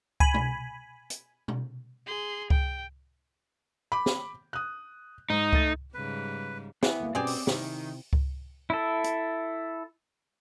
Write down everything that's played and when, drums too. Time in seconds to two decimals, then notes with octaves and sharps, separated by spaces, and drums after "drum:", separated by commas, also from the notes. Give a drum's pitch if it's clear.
0.20 G#5 B5, drum: kick C#2
0.34 drum: tom
1.10 drum: hi-hat
1.48 drum: tom
2.06 G#4 C6
2.50 G5, drum: kick C#2
3.92 B5 D6
4.06 drum: snare
4.53 D#6 F#6
5.30 G#2 D#4
5.53 A3 A6, drum: kick C#2
5.94 G#2 C#3 G3 B4
6.83 E3 B3, drum: snare
7.00 D2 A#3
7.15 B2 C4 C#4 G4 G#4 D5 G#5
7.27 drum: open hi-hat
7.47 C3 D#3 E4, drum: snare
8.13 drum: kick C#2
8.70 E4 A4
9.04 drum: hi-hat